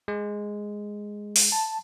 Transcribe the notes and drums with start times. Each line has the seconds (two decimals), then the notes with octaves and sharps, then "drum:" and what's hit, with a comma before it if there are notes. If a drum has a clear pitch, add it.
0.08 G#3
1.36 drum: open hi-hat
1.52 A5